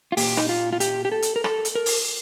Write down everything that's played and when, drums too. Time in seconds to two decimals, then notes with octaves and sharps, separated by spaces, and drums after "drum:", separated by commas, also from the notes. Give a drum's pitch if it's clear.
0.12 F4
0.17 A#2 G4, drum: open hi-hat
0.37 D#4, drum: rim click
0.49 F4
0.73 F4
0.80 G4, drum: hi-hat
1.05 G4
1.12 A4
1.22 drum: hi-hat
1.36 A#4
1.44 A4, drum: rim click
1.65 drum: hi-hat
1.75 A#4
1.86 drum: open hi-hat